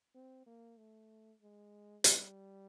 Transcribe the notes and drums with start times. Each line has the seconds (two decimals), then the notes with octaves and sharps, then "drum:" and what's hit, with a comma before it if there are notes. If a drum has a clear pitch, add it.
0.15 C4
0.47 A#3
0.77 A3
1.42 G#3
2.04 G3, drum: hi-hat